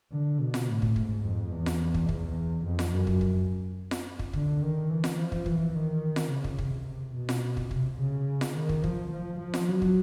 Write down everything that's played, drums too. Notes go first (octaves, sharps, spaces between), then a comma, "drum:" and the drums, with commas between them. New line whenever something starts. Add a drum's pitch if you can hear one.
D3
B2
drum: snare F4
A2
drum: kick
G#2, drum: kick
F2
E2
drum: snare F4
drum: kick
E2, drum: kick
F2
drum: snare F4
F#2
drum: kick
drum: kick
drum: snare F4
drum: kick
D3, drum: kick
D#3
E3
drum: snare F4
F3
drum: kick
E3, drum: kick
D#3
drum: snare F4
C#3
drum: kick
C3, drum: kick
B2
drum: snare F4
drum: kick
C3, drum: kick
C#3
drum: snare F4
D#3
drum: kick
F3, drum: kick
F3
F3
drum: snare F4
F#3
drum: kick